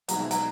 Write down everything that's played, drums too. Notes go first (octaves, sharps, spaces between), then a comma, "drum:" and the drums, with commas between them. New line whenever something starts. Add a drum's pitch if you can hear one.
B2 F#3 G#3 D#4, drum: hi-hat
E3
F#3, drum: hi-hat